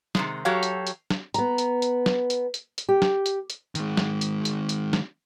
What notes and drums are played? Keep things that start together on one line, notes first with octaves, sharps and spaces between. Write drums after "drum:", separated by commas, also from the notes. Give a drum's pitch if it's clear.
C3 D#3 G#3, drum: snare
F#3 F#4 G4 A4 C#5 F5
drum: hi-hat
drum: hi-hat
drum: snare
B3 A#5, drum: hi-hat
drum: hi-hat
drum: hi-hat
drum: snare
drum: hi-hat
drum: hi-hat
drum: hi-hat
G4
drum: snare
drum: hi-hat
drum: hi-hat
D#3 G#3, drum: hi-hat
drum: snare
drum: hi-hat
drum: hi-hat
drum: hi-hat
drum: snare